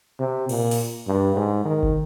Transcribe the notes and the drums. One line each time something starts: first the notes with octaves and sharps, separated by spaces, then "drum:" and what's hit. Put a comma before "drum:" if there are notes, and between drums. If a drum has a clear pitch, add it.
C3
A#2, drum: cymbal
drum: open hi-hat
G2
G#2
D#3
drum: kick